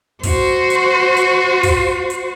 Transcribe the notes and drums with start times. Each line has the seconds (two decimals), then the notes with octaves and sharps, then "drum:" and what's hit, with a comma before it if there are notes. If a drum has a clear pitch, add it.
0.23 F#4 C5, drum: kick, open hi-hat
0.70 drum: hi-hat
1.17 drum: hi-hat
1.63 drum: kick, open hi-hat
2.10 drum: hi-hat